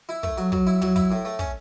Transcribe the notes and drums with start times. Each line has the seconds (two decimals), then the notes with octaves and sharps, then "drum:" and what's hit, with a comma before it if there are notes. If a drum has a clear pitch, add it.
0.09 E4
0.23 A3, drum: kick
0.38 F#3, drum: hi-hat
0.52 F#3, drum: kick
0.67 E4, drum: open hi-hat
0.82 F#3, drum: tom
0.96 E4, drum: kick, hi-hat
1.11 A2
1.25 A3
1.39 C#4, drum: kick